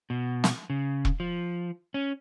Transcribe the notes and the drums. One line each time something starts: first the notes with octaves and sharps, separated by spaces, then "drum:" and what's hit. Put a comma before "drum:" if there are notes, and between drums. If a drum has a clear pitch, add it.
B2
drum: snare
C#3
drum: kick E1
F3
C#4